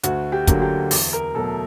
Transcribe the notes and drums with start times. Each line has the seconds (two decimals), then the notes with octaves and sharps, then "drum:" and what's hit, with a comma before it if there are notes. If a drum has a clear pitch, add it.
0.03 D2 F#4, drum: hi-hat
0.32 G4
0.47 D3 F#3 A#3, drum: kick, hi-hat
0.62 G4
0.91 E2, drum: open hi-hat
1.13 A#4
1.34 B2 F#3 A3 A4